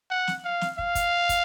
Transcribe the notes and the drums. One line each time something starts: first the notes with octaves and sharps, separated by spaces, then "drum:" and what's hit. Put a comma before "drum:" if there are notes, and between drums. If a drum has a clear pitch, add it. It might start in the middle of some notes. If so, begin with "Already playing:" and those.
F#5
drum: snare
F5
drum: snare
F5, drum: kick
drum: kick, hi-hat
drum: kick, hi-hat